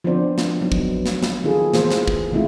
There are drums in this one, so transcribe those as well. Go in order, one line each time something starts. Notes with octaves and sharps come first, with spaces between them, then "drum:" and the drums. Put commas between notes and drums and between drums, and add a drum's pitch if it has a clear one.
F3 B3 C4 D4 C5 D5
drum: snare
F#3 B3 D#4
drum: kick
drum: snare
drum: snare
D#3 C4 F4 F#4 G#4 A4
E3 A#3 C5, drum: snare
drum: snare
drum: kick
D#3 G#3 A3 C4 E4 F4